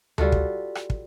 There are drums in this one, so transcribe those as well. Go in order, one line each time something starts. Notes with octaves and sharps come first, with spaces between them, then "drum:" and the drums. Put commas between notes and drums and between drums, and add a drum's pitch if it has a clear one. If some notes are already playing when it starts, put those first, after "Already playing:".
G3 F4 F#4 A4, drum: tom D2
drum: kick
drum: rim click
drum: kick